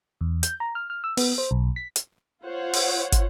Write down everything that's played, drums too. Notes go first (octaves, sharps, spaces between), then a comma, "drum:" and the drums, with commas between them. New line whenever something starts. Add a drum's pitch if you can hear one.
E2
G6, drum: hi-hat
A#5
F6
F6
E6
B3, drum: open hi-hat
C5
B1
B6
drum: hi-hat
F4 C5 C#5 F#5
drum: open hi-hat
drum: kick, hi-hat